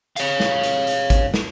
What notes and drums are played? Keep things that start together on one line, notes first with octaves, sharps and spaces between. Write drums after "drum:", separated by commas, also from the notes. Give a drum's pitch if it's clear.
C#5 F5, drum: hi-hat
drum: snare
drum: hi-hat
drum: hi-hat
drum: kick, hi-hat
drum: snare